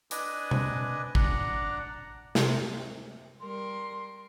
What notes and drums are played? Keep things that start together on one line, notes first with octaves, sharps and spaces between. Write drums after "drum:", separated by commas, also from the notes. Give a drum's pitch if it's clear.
D4 B4 D5 D#5 G#5, drum: hi-hat
drum: tom B2
D4 D5 F#5 A#5, drum: kick
C3, drum: snare
G3 A#4 C6